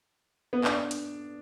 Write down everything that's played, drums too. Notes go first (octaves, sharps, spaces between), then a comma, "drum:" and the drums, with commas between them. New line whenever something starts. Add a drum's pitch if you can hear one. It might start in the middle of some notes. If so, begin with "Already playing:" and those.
B3
D4, drum: clap
drum: hi-hat